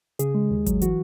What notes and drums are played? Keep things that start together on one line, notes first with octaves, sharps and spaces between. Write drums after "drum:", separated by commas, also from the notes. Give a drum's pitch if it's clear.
C#3 G#4, drum: hi-hat
G#3
D#2
F#3, drum: kick G#1, hi-hat
E3 F#4, drum: hi-hat